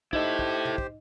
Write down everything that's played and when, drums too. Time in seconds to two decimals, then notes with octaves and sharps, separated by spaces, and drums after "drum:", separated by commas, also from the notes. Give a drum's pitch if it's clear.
0.13 D#4 E4 G4 A4 C5 D#5, drum: kick
0.39 drum: kick
0.65 drum: tom
0.78 drum: kick